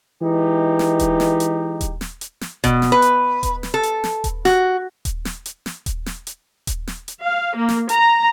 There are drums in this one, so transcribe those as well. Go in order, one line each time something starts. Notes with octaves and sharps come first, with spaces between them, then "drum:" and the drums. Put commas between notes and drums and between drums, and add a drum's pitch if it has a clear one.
E3 G#3 D#4 G4
drum: snare
drum: kick D#1, hi-hat
drum: snare
drum: hi-hat
drum: kick D#1, hi-hat
drum: snare
drum: hi-hat
drum: snare
B2, drum: kick D#1, hi-hat
drum: snare
B4
drum: hi-hat
drum: kick D#1, hi-hat
drum: snare
A4
drum: hi-hat
drum: snare
drum: kick D#1, hi-hat
F#4, drum: snare
drum: kick D#1, hi-hat
drum: snare
drum: hi-hat
drum: snare
drum: kick D#1, hi-hat
drum: snare
drum: hi-hat
drum: kick D#1, hi-hat
drum: snare
drum: hi-hat
F5
A#3
drum: snare
A#5, drum: hi-hat